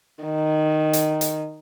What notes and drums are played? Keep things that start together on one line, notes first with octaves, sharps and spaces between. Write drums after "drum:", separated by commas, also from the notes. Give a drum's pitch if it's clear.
D#3
drum: hi-hat
drum: hi-hat